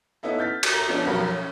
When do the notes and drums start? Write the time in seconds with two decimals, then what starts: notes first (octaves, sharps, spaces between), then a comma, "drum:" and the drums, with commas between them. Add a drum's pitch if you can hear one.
0.23 B3 C#4 D#4 E4 A4
0.39 F6 G6 A6 B6
0.63 drum: cymbal
0.73 A#5
0.88 F3 B3 C#4 D4
1.06 F1 B1 F#3 A#4 B5
1.27 C#4